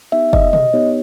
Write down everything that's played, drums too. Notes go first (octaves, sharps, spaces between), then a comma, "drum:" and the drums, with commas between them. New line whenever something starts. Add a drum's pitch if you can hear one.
B3 D#4 G4 E5
D#5, drum: kick
D#5, drum: tom
B3 D#4 G4 C#5